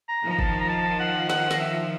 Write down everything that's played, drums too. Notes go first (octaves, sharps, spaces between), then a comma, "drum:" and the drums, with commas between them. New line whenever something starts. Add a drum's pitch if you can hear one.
A#5
D#3 F3
A#5
A5, drum: kick
A#5
A5
F#5
F#5, drum: snare
D#5, drum: snare
E5